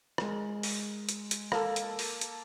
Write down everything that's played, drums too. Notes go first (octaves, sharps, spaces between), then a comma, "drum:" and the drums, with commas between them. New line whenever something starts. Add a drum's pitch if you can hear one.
G#3 A#4, drum: rim click
drum: open hi-hat
drum: hi-hat
drum: hi-hat
A#3 A4, drum: rim click
drum: hi-hat
drum: open hi-hat
drum: hi-hat